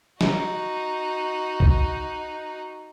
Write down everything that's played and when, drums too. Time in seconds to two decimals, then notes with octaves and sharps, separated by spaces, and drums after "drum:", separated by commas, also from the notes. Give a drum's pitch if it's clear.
0.21 D#4 F#4, drum: snare
1.60 drum: kick C2